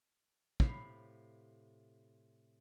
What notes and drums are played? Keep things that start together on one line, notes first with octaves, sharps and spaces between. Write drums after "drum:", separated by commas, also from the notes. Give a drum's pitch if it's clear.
A2 C3 F5 B5, drum: kick